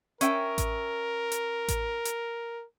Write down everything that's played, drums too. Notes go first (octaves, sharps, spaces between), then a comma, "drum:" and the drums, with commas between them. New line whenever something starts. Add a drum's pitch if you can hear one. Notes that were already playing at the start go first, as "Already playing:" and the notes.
C#4 A#4 E5 G5, drum: hi-hat
drum: kick A1, hi-hat
drum: hi-hat
drum: kick A1, hi-hat
drum: hi-hat